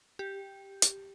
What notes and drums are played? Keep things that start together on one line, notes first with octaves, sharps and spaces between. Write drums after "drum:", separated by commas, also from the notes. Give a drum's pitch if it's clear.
G4
drum: hi-hat